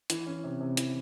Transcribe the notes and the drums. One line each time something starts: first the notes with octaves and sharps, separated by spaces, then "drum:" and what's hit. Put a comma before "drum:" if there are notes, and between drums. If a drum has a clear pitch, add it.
E3, drum: hi-hat
C#4
C3
C3
E3, drum: hi-hat